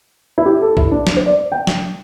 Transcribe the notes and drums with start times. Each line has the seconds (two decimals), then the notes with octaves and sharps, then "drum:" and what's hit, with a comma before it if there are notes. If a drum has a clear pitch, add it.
0.38 E4
0.46 G4
0.61 A4
0.77 E4, drum: kick
0.91 D4
1.07 drum: snare
1.17 C5
1.26 D5
1.52 G5
1.67 drum: snare